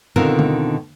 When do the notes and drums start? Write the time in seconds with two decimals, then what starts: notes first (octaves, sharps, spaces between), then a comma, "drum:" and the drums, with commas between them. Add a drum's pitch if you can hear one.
0.16 B2 D3 D#3 C4 F4 A#4
0.39 drum: tom D3